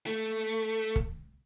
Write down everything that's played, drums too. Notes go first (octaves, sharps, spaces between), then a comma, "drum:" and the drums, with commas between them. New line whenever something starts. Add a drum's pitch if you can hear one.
A3
drum: kick